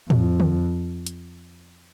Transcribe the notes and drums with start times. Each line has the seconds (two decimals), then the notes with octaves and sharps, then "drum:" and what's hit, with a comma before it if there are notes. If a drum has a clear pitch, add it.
0.10 F2, drum: tom A2
0.40 drum: tom D3
1.07 drum: hi-hat